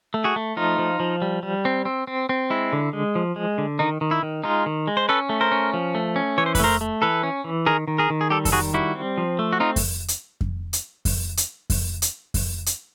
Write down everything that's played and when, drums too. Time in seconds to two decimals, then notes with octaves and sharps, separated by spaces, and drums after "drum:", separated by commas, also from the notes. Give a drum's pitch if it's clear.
0.14 A3
0.24 F#4 G#4
0.36 A3
0.56 F3 D#4 F4
0.79 F3
1.00 F3
1.22 G3
1.43 G3
1.65 C4
1.85 C4
2.07 C4
2.29 C4
2.50 G#3 E4
2.73 D3
2.93 G#3
3.15 F3
3.36 G#3
3.58 D3
3.79 D#3 D#4
4.01 D#3
4.11 E4
4.23 D#3
4.44 G#3 D#4 F4
4.66 D#3
4.87 G#3
4.97 C5
5.09 C#4 A4 B4
5.29 A3
5.41 A#4 C5
5.52 C#4
5.74 F3
5.95 A3
6.16 C#4
6.38 E3 C#5
6.46 C5
6.55 B4, drum: kick F2, open hi-hat
6.60 A3 A#4 C5
6.81 A3
7.02 E3 A4 B4
7.23 C#4
7.44 E3
7.66 D#3 G#4 A#4
7.88 D#3
7.98 G#4 A#4
8.10 D#3
8.21 G#4
8.30 G3 G4 A4
8.45 A4, drum: kick F2, open hi-hat
8.52 D#3 F#4 G#4
8.74 G3 E4 F#4
8.95 C4
9.18 F3
9.39 A3
9.53 F#4
9.60 C4 D#4 F4
9.76 drum: kick F2, open hi-hat
10.08 drum: hi-hat
10.41 drum: kick F2
10.73 drum: hi-hat
11.05 drum: kick F2, open hi-hat
11.37 drum: hi-hat
11.70 drum: kick F2, open hi-hat
12.02 drum: hi-hat
12.34 drum: kick F2, open hi-hat
12.66 drum: hi-hat